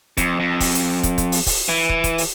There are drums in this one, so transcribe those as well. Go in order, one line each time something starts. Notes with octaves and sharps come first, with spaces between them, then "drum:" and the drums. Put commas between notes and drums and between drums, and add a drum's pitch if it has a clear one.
F2, drum: kick, hi-hat
F2
drum: kick, open hi-hat
drum: hi-hat
drum: kick, hi-hat
drum: kick, hi-hat
drum: open hi-hat
drum: kick, open hi-hat
E3
drum: kick
drum: kick, hi-hat
drum: open hi-hat